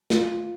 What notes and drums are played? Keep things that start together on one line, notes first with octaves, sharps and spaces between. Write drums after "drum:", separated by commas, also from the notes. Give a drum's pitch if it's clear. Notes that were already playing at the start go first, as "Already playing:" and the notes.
F4, drum: snare